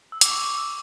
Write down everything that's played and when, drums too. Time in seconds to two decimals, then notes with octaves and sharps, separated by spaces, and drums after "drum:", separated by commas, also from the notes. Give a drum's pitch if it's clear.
0.12 E6
0.21 D6, drum: hi-hat
0.31 C#6
0.39 D6
0.58 E6